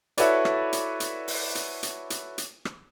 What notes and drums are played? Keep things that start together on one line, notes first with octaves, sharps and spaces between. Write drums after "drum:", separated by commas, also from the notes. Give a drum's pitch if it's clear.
E4 F#4 A4 B4 C#5 D5, drum: hi-hat
drum: rim click
drum: hi-hat
drum: hi-hat
drum: open hi-hat
drum: hi-hat
drum: hi-hat
drum: hi-hat
drum: hi-hat
drum: rim click